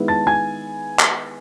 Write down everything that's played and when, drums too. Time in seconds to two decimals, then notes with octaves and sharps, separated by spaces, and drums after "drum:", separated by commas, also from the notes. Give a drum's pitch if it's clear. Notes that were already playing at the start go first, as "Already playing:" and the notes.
Already playing: D#3 G#3 B3 E4
0.08 A5 A6
0.27 G#5 G#6
0.99 drum: clap